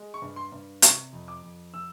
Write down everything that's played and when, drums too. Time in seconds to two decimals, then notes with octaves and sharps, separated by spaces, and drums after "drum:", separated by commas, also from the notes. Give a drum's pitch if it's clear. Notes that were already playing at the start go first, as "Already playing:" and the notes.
Already playing: G#3
0.14 C#6
0.22 G2
0.36 C6
0.52 G2
0.82 C3 C#6, drum: hi-hat
1.13 F2
1.28 D6
1.43 F2
1.73 F3 E6